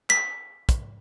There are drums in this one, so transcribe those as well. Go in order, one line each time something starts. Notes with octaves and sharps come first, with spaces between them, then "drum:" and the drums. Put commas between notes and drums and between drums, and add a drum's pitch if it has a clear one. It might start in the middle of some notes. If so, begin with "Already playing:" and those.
B6, drum: clap
drum: kick, hi-hat